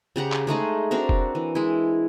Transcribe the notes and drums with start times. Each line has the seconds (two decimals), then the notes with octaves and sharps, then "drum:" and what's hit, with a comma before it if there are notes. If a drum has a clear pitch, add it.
0.16 C#3 G4 F#5 A#5
0.32 drum: clap
0.47 G#3 A3 D#4 G#4
0.91 C4 D4 F#4 A#4
1.09 drum: kick F1
1.35 E3
1.55 G#3 E4